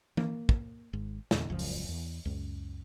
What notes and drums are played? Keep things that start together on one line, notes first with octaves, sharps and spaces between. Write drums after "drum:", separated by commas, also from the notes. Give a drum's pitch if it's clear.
A#3, drum: tom E3
drum: kick
G#1 G#2
E2 A#2 D3, drum: snare
D#1 C#2 F#2 F3
drum: open hi-hat
E2
C#2 F#2